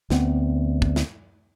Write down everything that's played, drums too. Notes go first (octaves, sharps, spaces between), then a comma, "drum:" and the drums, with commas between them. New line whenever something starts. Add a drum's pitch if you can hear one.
D2 B3 C4, drum: snare
drum: kick
drum: snare